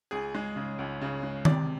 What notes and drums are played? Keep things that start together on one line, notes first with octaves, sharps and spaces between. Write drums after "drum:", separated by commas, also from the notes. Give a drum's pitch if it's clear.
C#2 G#4
G#3
C#3
C#2
C#3
G#3
C3 D5, drum: tom D#3